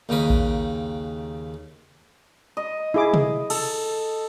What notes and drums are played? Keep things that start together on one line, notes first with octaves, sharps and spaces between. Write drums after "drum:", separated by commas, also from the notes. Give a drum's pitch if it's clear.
D#2 C#3 D#4 B5
drum: kick A#1
D#5
E4 G#4 D6
drum: tom
A4, drum: cymbal